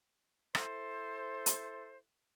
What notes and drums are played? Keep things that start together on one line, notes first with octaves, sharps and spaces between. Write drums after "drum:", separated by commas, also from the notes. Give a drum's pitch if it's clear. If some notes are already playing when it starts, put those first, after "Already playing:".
E4 A4 C5, drum: rim click
drum: hi-hat